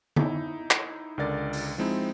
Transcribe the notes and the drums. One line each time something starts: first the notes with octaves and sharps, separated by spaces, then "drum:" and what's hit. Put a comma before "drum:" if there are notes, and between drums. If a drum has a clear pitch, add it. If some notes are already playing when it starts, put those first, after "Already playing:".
D#4 E4, drum: tom D3
drum: clap
C#2 D3 A#4 D5 A6
drum: open hi-hat
F3 G#3 C4 D#4 E4